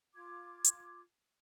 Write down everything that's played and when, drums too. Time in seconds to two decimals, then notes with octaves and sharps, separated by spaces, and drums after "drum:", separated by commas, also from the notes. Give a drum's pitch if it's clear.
0.14 F4 D6 G#6
0.64 drum: hi-hat